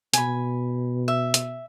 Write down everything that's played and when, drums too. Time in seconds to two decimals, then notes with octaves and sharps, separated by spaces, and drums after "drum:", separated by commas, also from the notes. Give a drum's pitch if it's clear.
0.14 B2 G#5 B5, drum: hi-hat
1.08 E5
1.34 drum: hi-hat